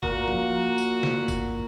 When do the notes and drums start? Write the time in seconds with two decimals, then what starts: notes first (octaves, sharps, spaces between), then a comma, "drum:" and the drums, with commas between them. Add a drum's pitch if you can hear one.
0.03 A#2 F#4 A#4, drum: kick
0.28 drum: tom F3
0.78 drum: tambourine
1.03 drum: snare
1.28 drum: kick, tambourine